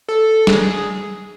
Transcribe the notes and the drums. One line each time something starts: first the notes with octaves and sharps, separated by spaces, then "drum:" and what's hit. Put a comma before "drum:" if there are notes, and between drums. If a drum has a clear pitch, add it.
A4
G#4, drum: snare